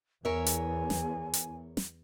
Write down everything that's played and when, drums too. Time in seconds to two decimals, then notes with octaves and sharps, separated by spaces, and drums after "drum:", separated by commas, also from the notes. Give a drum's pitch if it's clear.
0.25 E2 A#4 C#5 E5 G#5
0.46 drum: hi-hat
0.90 drum: snare
1.34 drum: hi-hat
1.77 drum: snare